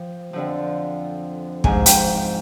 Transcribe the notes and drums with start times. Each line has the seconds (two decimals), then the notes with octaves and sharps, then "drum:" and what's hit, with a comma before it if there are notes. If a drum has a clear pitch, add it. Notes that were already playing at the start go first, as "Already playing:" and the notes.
Already playing: F3 G5
0.33 F2 D3 F3
1.64 G#2 F3 G#5, drum: kick
1.86 G5, drum: hi-hat